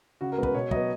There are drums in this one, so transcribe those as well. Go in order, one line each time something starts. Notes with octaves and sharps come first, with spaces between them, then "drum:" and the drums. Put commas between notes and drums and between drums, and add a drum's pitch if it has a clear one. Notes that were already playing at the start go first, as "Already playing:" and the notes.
C#3 F#4
A#4
G#3 B3
B4, drum: kick
B2 C#5
F#3 B3 D#5, drum: kick